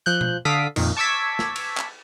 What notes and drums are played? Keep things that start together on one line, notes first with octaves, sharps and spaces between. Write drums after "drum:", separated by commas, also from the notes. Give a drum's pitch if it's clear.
F3 F#6 G6
drum: tom B2
D3 A4 F5 D#6 B6 D7
F2 A#2 D#3, drum: cymbal
A5 C#6 D6 E6 G#6 B6
drum: snare
drum: cymbal
drum: clap